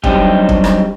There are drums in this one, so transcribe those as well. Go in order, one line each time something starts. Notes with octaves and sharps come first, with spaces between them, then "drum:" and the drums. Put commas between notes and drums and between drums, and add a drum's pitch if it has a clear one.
F#3 G3 C4 D4 D#4 G4, drum: kick
drum: kick
drum: rim click